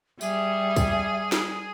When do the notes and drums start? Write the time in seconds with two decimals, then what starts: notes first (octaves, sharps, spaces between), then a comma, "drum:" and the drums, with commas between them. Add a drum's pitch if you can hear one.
0.21 G3 G#4 E5, drum: tambourine
0.76 drum: kick, tambourine
1.32 drum: snare